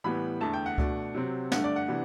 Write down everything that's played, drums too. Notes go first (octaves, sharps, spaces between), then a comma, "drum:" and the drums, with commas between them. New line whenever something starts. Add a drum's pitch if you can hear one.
A2 E3 G3 B3 B5
E2 D3 A3 A5
G5
F#5
B2 A3 D4, drum: kick C#2
C3 F#3 C4
G2 D3 A3 F#5, drum: snare
D5
F#5
C3 E3 B3 D4